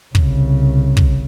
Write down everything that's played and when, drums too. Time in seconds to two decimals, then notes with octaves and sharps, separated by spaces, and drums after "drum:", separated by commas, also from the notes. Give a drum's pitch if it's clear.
0.15 C2 C#3, drum: kick
0.97 drum: kick